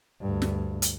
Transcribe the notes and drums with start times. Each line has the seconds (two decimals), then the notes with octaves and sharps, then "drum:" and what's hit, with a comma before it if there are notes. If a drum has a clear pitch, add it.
0.21 D2 G2
0.42 drum: snare
0.82 drum: hi-hat